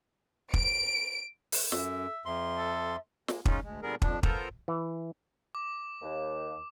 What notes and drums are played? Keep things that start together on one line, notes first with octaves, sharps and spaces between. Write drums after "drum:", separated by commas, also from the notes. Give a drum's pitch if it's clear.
D7, drum: kick
drum: open hi-hat
F#2 A4 E5, drum: snare
F2 E5 C6
A4
G#3 A#3, drum: snare
G#3 C#4 D#4 F4, drum: kick
D2 G#3
A#2 D3 G3 B3 G#4 A#4
F2 F3 D4, drum: kick
B3 F4 A4 A#4 C5 A#5, drum: kick
E3
D6
D#2